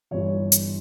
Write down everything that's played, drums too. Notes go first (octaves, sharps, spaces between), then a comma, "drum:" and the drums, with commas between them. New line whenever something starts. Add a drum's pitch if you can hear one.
G1 G2 E3 C#5
drum: hi-hat